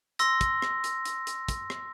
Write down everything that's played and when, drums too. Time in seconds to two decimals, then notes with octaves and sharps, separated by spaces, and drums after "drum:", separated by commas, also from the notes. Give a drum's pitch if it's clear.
0.19 C6 E6 A#6, drum: hi-hat
0.41 drum: kick, hi-hat
0.62 drum: rim click
0.84 drum: hi-hat
1.05 drum: hi-hat
1.27 drum: hi-hat
1.48 drum: kick, hi-hat
1.70 drum: rim click